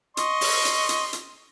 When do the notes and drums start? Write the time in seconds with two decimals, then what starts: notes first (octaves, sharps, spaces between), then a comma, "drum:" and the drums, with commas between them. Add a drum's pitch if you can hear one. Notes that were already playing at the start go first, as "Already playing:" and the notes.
0.17 D#5 C6 C#6, drum: hi-hat
0.41 drum: open hi-hat
0.65 drum: hi-hat
0.89 drum: hi-hat
1.13 drum: hi-hat